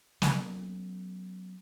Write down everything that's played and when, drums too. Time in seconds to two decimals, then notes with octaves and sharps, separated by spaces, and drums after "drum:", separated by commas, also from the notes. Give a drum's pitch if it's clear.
0.22 F#3 A3 B3 C#4, drum: snare